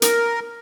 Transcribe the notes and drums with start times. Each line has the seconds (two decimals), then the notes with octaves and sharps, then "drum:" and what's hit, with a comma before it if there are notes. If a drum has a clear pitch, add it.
0.02 A#4, drum: hi-hat